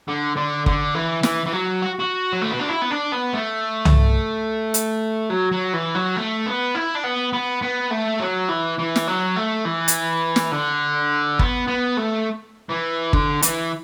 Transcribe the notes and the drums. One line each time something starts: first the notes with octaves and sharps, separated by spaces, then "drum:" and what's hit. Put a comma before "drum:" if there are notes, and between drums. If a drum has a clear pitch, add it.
D3
D3
D3, drum: kick
E3
E3, drum: snare
E3
F#3
F#4
F#4
F#3
A3
B3
D4
E4
B3
D4
B3
A3
drum: tom C2
drum: hi-hat
F#3
F#3
E3
F#3
A3
B3
E4
D4
B3
B3
B3
A3
F#3
E3
E3
drum: snare
F#3
A3
E3
drum: hi-hat
drum: snare
D3
B3, drum: kick
B3
A3
E3
D3, drum: kick
E3, drum: hi-hat